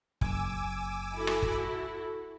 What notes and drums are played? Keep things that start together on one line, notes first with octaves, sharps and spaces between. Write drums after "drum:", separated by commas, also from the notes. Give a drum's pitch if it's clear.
F#1 G#5 D6 E6, drum: kick
E4 F#4 A4
drum: rim click
drum: kick